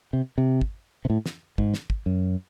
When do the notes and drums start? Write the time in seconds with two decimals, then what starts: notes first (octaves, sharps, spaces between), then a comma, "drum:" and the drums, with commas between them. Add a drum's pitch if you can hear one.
0.13 C3
0.38 C3
0.61 drum: kick
1.05 C3
1.10 A2
1.26 drum: snare
1.58 G#2, drum: kick
1.74 drum: snare
1.90 drum: kick
2.06 F#2